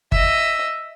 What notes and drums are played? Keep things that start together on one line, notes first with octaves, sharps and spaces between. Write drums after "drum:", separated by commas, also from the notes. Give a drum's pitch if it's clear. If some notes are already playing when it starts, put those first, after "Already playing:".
D#5 E5, drum: kick G1